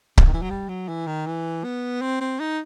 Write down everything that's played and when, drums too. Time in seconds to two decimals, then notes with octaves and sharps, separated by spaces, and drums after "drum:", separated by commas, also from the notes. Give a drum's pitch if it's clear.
0.18 C3, drum: kick C#1
0.26 D#3
0.34 E3
0.42 F#3
0.50 G3
0.69 F#3
0.88 E3
1.07 D#3
1.26 E3
1.64 B3
2.02 C4
2.21 C4
2.39 D#4